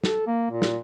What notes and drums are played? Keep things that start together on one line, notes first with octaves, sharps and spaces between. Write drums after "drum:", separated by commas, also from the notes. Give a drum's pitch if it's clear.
A4, drum: snare
A#3
A#2
drum: snare